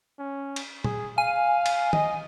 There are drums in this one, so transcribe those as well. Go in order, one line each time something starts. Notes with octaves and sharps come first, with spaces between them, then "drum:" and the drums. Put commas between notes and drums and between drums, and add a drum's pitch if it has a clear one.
C#4
drum: cymbal
G#4, drum: tom A#2
F5 G#5
drum: cymbal
D#5, drum: tom